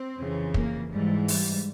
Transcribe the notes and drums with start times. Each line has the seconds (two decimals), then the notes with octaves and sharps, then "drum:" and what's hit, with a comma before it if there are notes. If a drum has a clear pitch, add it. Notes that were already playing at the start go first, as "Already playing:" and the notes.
Already playing: C4
0.18 F2 C#3 E3
0.54 A#3, drum: kick
0.91 G#2 E3 G3
1.28 G3, drum: open hi-hat